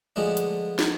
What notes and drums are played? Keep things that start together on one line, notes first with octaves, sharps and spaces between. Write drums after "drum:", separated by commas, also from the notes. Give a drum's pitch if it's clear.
D3 F3 G#3 B3 D4
drum: hi-hat
drum: snare